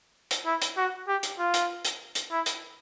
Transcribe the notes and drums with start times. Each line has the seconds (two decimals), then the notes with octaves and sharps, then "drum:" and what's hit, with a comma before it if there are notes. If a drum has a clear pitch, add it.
0.31 drum: hi-hat
0.46 E4
0.62 drum: hi-hat
0.77 F#4
1.08 G4
1.23 drum: hi-hat
1.39 F4
1.54 drum: hi-hat
1.85 drum: hi-hat
2.15 drum: hi-hat
2.31 E4
2.46 drum: hi-hat